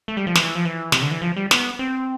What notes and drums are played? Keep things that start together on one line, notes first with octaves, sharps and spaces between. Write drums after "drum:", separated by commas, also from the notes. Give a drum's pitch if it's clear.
A3
G3
F3
E3, drum: snare
F3
E3
C3, drum: snare
D3
E3
F3
G3
B3, drum: snare
C4